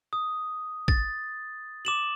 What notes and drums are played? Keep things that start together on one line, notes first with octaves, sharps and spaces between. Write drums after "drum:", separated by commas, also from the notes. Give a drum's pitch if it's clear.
D#6
A6, drum: kick
D6 E7 F#7